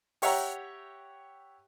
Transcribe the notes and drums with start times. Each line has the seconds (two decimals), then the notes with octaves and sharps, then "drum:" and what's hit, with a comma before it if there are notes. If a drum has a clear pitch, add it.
0.22 G4 C#5 E5 F#5 G5 A#5, drum: open hi-hat